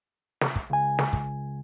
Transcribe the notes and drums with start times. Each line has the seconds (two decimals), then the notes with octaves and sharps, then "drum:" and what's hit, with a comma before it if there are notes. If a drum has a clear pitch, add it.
0.41 drum: snare
0.56 drum: kick
0.70 C#2 G#5
0.99 drum: snare
1.13 drum: kick